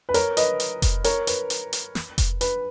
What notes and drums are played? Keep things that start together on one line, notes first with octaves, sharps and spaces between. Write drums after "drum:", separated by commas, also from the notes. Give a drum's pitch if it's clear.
B4
A#4 C#5, drum: hi-hat
B4 D#5, drum: hi-hat
drum: hi-hat
drum: kick F1, hi-hat
A#4 C#5, drum: hi-hat
B4, drum: hi-hat
drum: hi-hat
drum: hi-hat
drum: snare
drum: kick F1, hi-hat
B4, drum: hi-hat